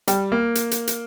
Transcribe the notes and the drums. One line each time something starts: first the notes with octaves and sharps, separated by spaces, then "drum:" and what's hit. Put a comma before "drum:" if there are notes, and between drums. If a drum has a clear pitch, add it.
G3, drum: hi-hat
A#3
drum: hi-hat
drum: hi-hat
drum: hi-hat